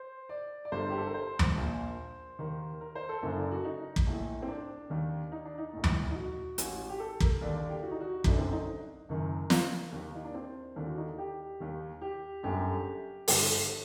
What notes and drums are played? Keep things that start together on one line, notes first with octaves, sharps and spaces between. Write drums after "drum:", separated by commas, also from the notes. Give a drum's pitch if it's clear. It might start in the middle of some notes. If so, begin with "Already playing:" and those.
Already playing: C5
D5
D5
G1 G2 D3 C5
G4
A4
A#4
C5
drum: tom D#2
A#1 A#2
D#2 D#3
A#4
C5
A4
F#1 F#2 D3 A#3
D4
F#4
D#4
drum: kick
A#1 A2
C4
D4
D#2 D#3
D#4
D4
D#4
A#1 A2
drum: tom D#2
D#4
F#4
A1 A2, drum: hi-hat
G4
A4
A#4, drum: kick
D#2 D3 D5
D5
G4
F#4
D#4
F#4
G1 F#2 D3 D4, drum: kick
C4
D#4
F#1 F#2 D#3
A#3, drum: snare
D#2 D#3
D#4
D4
C4
D#2 D3 D4
F#4
D#4
G4
D#2 D#3
G4
G1 F#2 D3 G4
G1 G2 D3, drum: open hi-hat